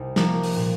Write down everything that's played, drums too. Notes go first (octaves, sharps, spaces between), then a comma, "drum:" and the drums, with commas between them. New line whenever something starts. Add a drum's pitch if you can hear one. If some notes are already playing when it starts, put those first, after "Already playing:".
Already playing: C2 C4 D#4
F3 A#3, drum: snare
drum: open hi-hat
A#2